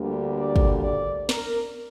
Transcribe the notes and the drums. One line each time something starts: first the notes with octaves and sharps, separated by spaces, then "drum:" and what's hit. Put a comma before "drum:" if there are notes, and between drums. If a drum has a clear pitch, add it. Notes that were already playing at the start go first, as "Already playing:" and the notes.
Already playing: D2 D3 G3 A#3
D5
drum: kick
D5
A#4, drum: snare